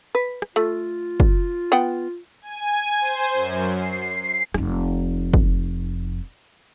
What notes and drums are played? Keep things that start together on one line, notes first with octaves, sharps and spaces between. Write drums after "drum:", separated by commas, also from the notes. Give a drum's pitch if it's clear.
B4
drum: rim click
A3 F4
drum: kick
B3 F#5 G5
G#5
C5
F#2
C7
F1 D#4, drum: rim click
drum: kick